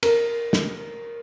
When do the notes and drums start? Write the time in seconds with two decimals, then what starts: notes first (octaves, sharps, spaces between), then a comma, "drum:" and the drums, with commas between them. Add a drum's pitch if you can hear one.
0.03 A#4, drum: cymbal
0.53 drum: snare